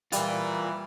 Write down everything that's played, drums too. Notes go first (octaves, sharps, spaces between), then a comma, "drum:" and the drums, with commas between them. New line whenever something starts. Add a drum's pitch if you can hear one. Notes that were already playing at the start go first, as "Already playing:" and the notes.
E3 G3 F4 A#4, drum: hi-hat